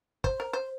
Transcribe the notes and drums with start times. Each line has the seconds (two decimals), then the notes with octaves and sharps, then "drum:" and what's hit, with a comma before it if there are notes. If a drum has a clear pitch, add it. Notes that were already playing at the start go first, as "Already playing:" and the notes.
0.24 C5, drum: kick
0.40 A#4
0.53 C5